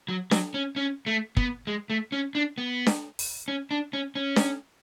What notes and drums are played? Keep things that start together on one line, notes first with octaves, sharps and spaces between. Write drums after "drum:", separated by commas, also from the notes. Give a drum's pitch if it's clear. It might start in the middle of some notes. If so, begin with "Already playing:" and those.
F#3
F#3, drum: snare D4
C#4
C#4
A3
B3, drum: kick
G#3
A3
C#4
D4
B3
drum: snare D4
drum: open hi-hat
C#4
D4
C#4
C#4
drum: snare D4